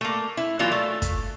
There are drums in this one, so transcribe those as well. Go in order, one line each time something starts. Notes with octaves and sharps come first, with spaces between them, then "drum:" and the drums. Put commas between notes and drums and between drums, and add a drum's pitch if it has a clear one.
A3 A#3
E4
E3 F#3 G3 A#3 F4
A3
drum: kick, hi-hat